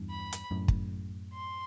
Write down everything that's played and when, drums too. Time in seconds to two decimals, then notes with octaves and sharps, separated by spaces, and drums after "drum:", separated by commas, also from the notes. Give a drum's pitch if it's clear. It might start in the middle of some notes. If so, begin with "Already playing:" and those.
Already playing: E2 G2
0.10 B5
0.33 drum: hi-hat
0.51 F#2 A2
0.68 drum: kick
1.33 C6